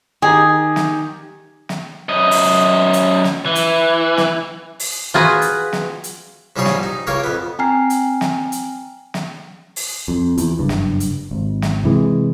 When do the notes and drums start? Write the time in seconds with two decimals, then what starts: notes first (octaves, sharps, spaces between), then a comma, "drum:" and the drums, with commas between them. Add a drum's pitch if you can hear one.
0.22 D#3 D#4 G4 G#4
0.76 drum: snare
1.69 drum: snare
2.09 F#2 D#5
2.31 drum: open hi-hat
2.93 drum: hi-hat
3.24 drum: snare
3.46 E3
3.55 drum: hi-hat
4.17 drum: snare
4.80 drum: open hi-hat
5.14 F4 F#4 G#4 B4
5.42 drum: hi-hat
5.73 drum: snare
6.04 drum: hi-hat
6.56 G#2 F3 G3 G#4 C#5 C6
6.66 drum: snare
6.83 D#4
7.07 C#2 A#3 C#5 F5 G5
7.24 F2 B3
7.59 C4 G5 G#5 A#5 F6 C7
7.90 drum: hi-hat
8.21 drum: snare
8.52 drum: hi-hat
9.14 drum: snare
9.76 drum: open hi-hat
10.08 F2
10.38 E2, drum: hi-hat
10.59 F#1 G2
10.69 drum: snare
11.00 drum: hi-hat
11.31 G#1
11.62 drum: snare
11.84 C3 E3 G#3